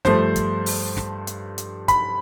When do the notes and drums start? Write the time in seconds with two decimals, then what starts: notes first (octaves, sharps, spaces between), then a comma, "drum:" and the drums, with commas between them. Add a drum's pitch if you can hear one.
0.05 G2 F3 A3 C5, drum: snare
0.36 drum: kick, hi-hat
0.66 drum: open hi-hat
0.97 drum: snare
1.27 drum: hi-hat
1.58 drum: hi-hat
1.88 B5, drum: kick, hi-hat